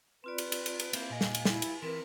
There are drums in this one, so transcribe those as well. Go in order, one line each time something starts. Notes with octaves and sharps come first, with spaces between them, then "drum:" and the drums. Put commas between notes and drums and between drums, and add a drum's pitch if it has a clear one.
C4 F4 B4 D5
drum: cymbal
drum: cymbal
drum: cymbal
drum: cymbal
A#3 C4 E4 F5, drum: cymbal
A#2 D#5 G#5
drum: snare
drum: cymbal
E4, drum: snare
drum: cymbal
E3 C4 A#4 B4